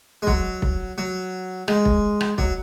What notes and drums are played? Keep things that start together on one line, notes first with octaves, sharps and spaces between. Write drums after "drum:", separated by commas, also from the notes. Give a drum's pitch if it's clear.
G#3
F#3, drum: kick B1
drum: kick B1
F#3
G#3, drum: rim click
drum: kick B1
drum: rim click
F#3, drum: kick B1